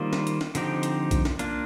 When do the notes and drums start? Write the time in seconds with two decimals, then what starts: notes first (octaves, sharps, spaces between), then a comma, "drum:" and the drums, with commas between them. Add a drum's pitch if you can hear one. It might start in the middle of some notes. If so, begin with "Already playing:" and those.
Already playing: D#3 G3 A#3 F4 C5
0.13 drum: snare
0.27 drum: hi-hat
0.41 drum: snare
0.55 D3 F3 C4 D#4 G4, drum: hi-hat
0.83 drum: hi-hat
1.11 drum: kick B1, hi-hat
1.25 drum: snare
1.39 A#3 D4 F4, drum: hi-hat